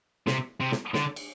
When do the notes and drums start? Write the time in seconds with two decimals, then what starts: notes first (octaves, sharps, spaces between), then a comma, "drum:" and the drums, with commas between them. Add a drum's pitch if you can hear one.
0.27 C3, drum: snare
0.60 C3
0.72 drum: snare
0.94 D3, drum: snare
1.16 drum: cymbal